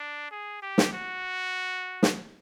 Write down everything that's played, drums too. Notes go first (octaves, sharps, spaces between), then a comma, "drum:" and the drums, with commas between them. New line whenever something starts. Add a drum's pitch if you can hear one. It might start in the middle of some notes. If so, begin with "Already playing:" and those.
Already playing: D4
G#4
G4
drum: snare
F#4
drum: snare